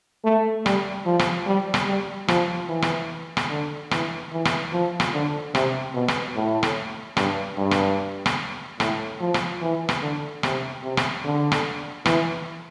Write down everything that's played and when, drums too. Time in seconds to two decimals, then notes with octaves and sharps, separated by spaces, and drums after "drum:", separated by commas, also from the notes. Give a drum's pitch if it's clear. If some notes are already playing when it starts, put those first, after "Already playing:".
0.24 A3
0.66 G3, drum: rim click
1.06 F3
1.19 drum: rim click
1.47 G3
1.74 drum: rim click
1.87 G3
2.28 F3, drum: rim click
2.68 E3
2.82 drum: rim click
3.37 drum: rim click
3.50 D3
3.91 E3, drum: rim click
4.32 E3
4.45 drum: rim click
4.73 F3
5.00 drum: rim click
5.13 D3
5.55 C3, drum: rim click
5.95 B2
6.08 drum: rim click
6.35 A2
6.63 drum: rim click
7.17 G2, drum: rim click
7.58 G2
7.71 drum: rim click
8.26 drum: rim click
8.80 A2, drum: rim click
9.21 F3
9.34 drum: rim click
9.62 E3
9.89 drum: rim click
10.02 D3
10.43 C3, drum: rim click
10.83 C3
10.97 drum: rim click
11.25 D3
11.52 drum: rim click
12.06 E3, drum: rim click